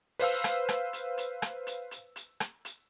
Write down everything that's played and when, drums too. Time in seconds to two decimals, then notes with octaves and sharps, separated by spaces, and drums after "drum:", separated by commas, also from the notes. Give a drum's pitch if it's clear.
0.19 B4 C5 F5 E6, drum: open hi-hat
0.44 drum: rim click
0.69 drum: rim click
0.93 drum: hi-hat
1.18 drum: hi-hat
1.42 drum: rim click
1.67 drum: hi-hat
1.91 drum: hi-hat
2.16 drum: hi-hat
2.40 drum: rim click
2.65 drum: hi-hat